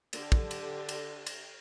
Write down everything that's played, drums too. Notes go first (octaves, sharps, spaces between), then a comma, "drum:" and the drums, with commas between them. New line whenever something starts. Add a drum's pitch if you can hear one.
D3 G4, drum: cymbal
drum: kick
drum: cymbal
drum: cymbal
drum: cymbal